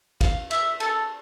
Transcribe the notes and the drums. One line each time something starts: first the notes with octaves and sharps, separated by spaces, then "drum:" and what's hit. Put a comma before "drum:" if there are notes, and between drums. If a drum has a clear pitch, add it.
F5, drum: kick, cymbal
E5, drum: cymbal
A4, drum: cymbal